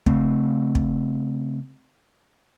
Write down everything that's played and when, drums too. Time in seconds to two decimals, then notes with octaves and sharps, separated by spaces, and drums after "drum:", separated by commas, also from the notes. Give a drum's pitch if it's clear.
0.06 C#3 A3 C4, drum: kick
0.75 drum: kick